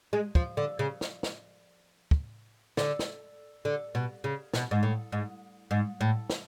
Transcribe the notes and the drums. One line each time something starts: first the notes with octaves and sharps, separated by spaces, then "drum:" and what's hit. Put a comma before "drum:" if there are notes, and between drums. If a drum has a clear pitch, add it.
G#3
F3, drum: kick
D3
C#3
drum: snare
drum: snare
drum: kick
D3, drum: snare
drum: snare
D3
B2
C#3
B2, drum: snare
G#2
A2
G#2
G#2
A2
drum: snare